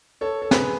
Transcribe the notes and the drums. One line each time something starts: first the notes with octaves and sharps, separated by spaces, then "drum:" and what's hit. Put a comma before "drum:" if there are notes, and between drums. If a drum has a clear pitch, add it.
A4 C#5
A4
G#4 B4, drum: snare